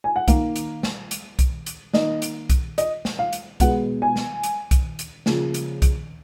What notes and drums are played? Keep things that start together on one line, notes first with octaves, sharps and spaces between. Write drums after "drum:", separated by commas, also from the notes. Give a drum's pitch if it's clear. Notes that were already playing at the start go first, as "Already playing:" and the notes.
G#5
F#5
D#3 A#3 F5, drum: kick, hi-hat
drum: hi-hat
drum: snare
drum: hi-hat
drum: kick, hi-hat
drum: hi-hat
D#3 A#3 D#5, drum: snare
drum: hi-hat
drum: kick, hi-hat
D#5, drum: hi-hat
drum: snare
F5
drum: hi-hat
B2 G#3 B3 F#5, drum: kick, hi-hat
G#5
drum: snare
drum: hi-hat
drum: kick, hi-hat
drum: hi-hat
C#3 F3 A#3, drum: snare
drum: hi-hat
drum: kick, hi-hat